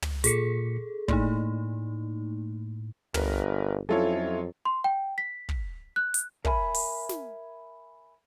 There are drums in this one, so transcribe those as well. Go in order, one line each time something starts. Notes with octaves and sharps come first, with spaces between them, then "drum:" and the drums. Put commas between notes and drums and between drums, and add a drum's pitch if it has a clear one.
drum: tom
A#2 G#4 A4 B6 C#7, drum: hi-hat
A2 A3 A#3 D#4, drum: kick
G1 A#4 B4, drum: tom
F2 F#3 C#4 E4 F4 A4 C#5
C6
G5
B6
drum: kick
F#6
drum: hi-hat
A#4 C#5 E5 G#5 A#5 B5, drum: kick
drum: open hi-hat
drum: snare